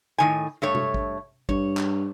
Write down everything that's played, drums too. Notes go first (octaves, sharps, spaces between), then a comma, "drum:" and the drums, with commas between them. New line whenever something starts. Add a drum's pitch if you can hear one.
A2 D#3 G#5
G2 A3 C#5
drum: tom
drum: kick
G2 C#5, drum: kick
drum: clap